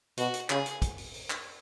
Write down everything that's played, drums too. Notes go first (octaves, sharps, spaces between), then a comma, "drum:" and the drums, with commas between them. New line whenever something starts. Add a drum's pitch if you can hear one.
B2 F#4, drum: hi-hat
drum: hi-hat
C#3 G#4, drum: clap
drum: hi-hat
drum: kick, hi-hat
drum: open hi-hat
drum: open hi-hat
drum: clap